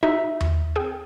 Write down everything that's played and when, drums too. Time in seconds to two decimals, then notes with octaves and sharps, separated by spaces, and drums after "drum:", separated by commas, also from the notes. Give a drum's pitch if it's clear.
0.03 D#4 F#4 E5
0.41 drum: tom D#2
0.76 C4 G#4 G5